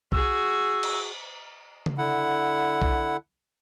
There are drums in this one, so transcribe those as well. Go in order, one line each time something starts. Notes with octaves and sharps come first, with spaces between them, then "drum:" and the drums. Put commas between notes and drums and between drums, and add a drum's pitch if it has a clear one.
F#4 G#4 E6, drum: kick B1
drum: cymbal
drum: tom C#3
D3 E4 F#5
drum: kick B1